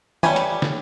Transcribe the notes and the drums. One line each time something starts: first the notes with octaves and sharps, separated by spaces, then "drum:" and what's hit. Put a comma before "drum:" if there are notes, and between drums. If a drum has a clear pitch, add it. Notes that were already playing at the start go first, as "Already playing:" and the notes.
G3 A3 B4 C#5 G#5, drum: tom
drum: hi-hat
drum: snare